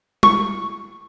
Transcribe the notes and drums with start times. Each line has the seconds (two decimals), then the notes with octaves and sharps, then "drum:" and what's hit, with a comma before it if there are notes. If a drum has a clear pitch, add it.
0.23 C#6, drum: tom G3